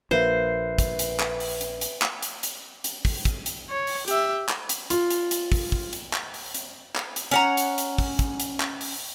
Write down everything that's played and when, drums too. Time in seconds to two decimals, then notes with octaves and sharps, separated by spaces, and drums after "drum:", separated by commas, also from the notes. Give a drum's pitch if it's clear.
0.11 A#1 A#3 B4 C5 E5 C7
0.79 drum: kick, hi-hat
0.99 drum: hi-hat
1.20 drum: clap
1.40 drum: open hi-hat
1.61 drum: hi-hat
1.81 drum: hi-hat
2.02 drum: clap
2.23 drum: hi-hat
2.43 drum: hi-hat
2.84 drum: hi-hat
3.05 drum: kick, open hi-hat
3.25 drum: kick, hi-hat
3.46 drum: hi-hat
3.70 C#5
3.87 drum: open hi-hat
4.08 G4 E5, drum: hi-hat
4.49 drum: clap
4.69 drum: hi-hat
4.90 F4, drum: hi-hat
5.10 drum: hi-hat
5.31 drum: hi-hat
5.52 drum: kick, open hi-hat
5.72 drum: kick
5.93 drum: hi-hat
6.13 drum: clap
6.34 drum: open hi-hat
6.54 drum: hi-hat
6.96 drum: clap
7.16 drum: hi-hat
7.31 C#4 F#5 A#5
7.57 drum: hi-hat
7.78 drum: hi-hat
7.98 drum: kick, open hi-hat
8.19 drum: kick, hi-hat
8.40 drum: hi-hat
8.60 drum: clap
8.81 drum: open hi-hat